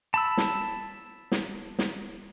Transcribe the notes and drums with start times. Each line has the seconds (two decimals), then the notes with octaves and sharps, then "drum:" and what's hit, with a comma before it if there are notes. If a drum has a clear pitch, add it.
0.14 A5 B5 E6
0.37 drum: snare
1.32 drum: snare
1.79 drum: snare